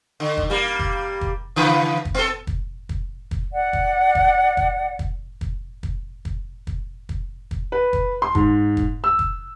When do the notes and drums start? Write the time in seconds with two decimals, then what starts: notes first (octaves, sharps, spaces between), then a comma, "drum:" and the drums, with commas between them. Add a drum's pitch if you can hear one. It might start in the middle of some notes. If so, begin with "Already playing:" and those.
0.20 D3
0.37 drum: kick
0.50 G3 A#3
0.79 drum: kick
1.21 drum: kick
1.56 C#3 E3 B4
2.05 drum: kick
2.15 B3 A4
2.47 drum: kick
2.89 drum: kick
3.31 drum: kick
3.52 D5 F#5
3.73 drum: kick
4.15 drum: kick
4.57 drum: kick
4.99 drum: kick
5.41 drum: kick
5.83 drum: kick
6.25 drum: kick
6.67 drum: kick
7.09 drum: kick
7.51 drum: kick
7.72 B4
7.93 drum: kick
8.22 C6
8.35 G#2, drum: kick
8.77 drum: kick
9.04 E6
9.19 drum: kick